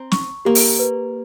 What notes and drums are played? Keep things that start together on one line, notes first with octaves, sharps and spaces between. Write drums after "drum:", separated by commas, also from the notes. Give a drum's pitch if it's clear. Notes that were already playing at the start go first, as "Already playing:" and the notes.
Already playing: C4 A#5
C#6, drum: snare
A#3 G4
drum: open hi-hat
B4